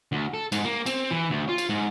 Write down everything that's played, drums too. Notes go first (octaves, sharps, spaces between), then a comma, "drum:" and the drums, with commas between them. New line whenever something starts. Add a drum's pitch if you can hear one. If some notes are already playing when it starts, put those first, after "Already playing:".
D2
A4
G#2, drum: cymbal
A#3
C4, drum: cymbal
E3
D2
F4
drum: cymbal
G#2